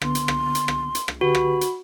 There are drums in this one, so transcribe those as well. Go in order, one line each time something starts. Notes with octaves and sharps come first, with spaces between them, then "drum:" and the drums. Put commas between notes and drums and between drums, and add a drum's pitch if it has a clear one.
D3 B3 C6, drum: rim click
drum: hi-hat
drum: rim click
drum: hi-hat
drum: rim click
drum: hi-hat
drum: rim click
D3 F#4 G4 B4 B5
drum: rim click
drum: hi-hat